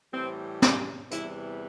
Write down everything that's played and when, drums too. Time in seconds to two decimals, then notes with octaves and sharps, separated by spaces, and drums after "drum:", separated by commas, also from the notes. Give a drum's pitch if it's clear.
0.13 A2 E3 G3 C4
0.62 G4, drum: snare
1.11 E2 C3 E3 G3 E4, drum: hi-hat